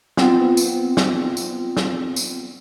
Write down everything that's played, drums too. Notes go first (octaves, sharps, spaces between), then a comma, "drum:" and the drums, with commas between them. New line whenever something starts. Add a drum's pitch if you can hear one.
B3 C4 F4, drum: snare
drum: tambourine
drum: snare
drum: tambourine
drum: snare
drum: tambourine